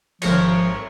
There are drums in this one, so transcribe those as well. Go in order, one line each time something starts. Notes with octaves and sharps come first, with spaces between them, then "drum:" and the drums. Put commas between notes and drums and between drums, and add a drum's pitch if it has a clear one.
G#1 F3 A#4 C#5, drum: cymbal